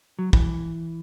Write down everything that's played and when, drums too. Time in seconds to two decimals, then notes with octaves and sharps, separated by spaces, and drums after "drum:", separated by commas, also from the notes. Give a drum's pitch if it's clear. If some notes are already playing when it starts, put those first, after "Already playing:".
0.19 F#3
0.33 E3, drum: kick